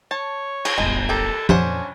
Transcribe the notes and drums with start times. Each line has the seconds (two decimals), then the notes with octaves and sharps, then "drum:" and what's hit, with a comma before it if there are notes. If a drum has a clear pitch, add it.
0.11 C#5 A5
0.65 G#4, drum: cymbal
0.78 D1 G1 G#3
1.09 G4 A4 A#4
1.49 F2 A#2 C#4 D4 C5 F#5, drum: tom F3